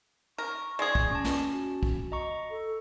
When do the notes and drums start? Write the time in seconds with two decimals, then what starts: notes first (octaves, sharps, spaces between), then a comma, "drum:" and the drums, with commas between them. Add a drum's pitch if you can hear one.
0.38 A#4 C#6
0.79 G#3 G#4 D5
0.95 drum: kick
1.11 C#4 A5
1.24 drum: snare
1.52 F#4
1.83 drum: kick
2.12 D#5 A#5 C#6
2.50 A4